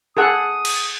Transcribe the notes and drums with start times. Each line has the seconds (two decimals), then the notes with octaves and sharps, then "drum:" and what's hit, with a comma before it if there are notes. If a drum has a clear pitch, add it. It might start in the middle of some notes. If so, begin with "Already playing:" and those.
0.17 G#4 A4 F#5 D#6
0.65 drum: cymbal